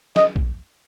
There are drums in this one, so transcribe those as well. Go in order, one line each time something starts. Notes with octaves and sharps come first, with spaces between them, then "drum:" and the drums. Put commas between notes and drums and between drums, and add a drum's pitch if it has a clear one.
D#5, drum: snare
drum: kick A#1